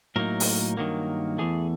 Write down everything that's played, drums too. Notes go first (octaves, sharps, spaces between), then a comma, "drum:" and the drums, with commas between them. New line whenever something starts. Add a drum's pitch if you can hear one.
A2 F#3 A#3 D#4 A#4
drum: open hi-hat
G2 D#3 F#3 A#3
E2 C#3 E3 A3 G#4